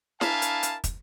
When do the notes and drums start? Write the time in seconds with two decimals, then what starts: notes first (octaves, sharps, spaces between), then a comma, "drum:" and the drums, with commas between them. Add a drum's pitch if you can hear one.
0.21 D4 E4 A#4 F5 G#5 A5, drum: snare
0.42 drum: hi-hat
0.63 drum: hi-hat
0.84 drum: kick, hi-hat